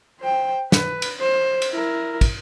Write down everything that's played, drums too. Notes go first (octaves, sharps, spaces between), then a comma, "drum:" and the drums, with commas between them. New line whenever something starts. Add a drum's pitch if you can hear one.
C5 G5
B4, drum: snare
drum: cymbal
C5
drum: cymbal
E4 A#4
drum: kick, cymbal